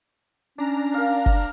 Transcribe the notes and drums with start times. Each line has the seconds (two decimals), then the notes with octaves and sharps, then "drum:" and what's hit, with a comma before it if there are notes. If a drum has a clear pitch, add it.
0.58 C#4 D4 A#5
0.94 A#4 F5
1.26 drum: kick